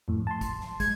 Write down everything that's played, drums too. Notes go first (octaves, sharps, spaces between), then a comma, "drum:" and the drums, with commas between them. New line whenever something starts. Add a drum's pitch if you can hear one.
F2 A2
A5 C6
drum: kick, hi-hat
drum: snare
G#3 G#6, drum: kick, hi-hat